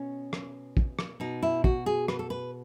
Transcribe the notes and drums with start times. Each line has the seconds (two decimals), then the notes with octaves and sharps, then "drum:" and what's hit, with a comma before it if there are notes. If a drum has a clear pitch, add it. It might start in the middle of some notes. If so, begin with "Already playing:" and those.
Already playing: B2 C#4
0.33 drum: rim click
0.77 drum: kick
0.99 drum: rim click
1.20 B2 D#4
1.43 E4
1.64 F#4, drum: kick
1.86 G#4
2.08 B4, drum: rim click
2.19 A4
2.30 B4